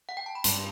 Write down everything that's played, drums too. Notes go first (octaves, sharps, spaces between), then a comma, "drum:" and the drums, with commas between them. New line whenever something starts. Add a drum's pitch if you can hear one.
F#5
G5
A5
B5
G2 A5 C6, drum: hi-hat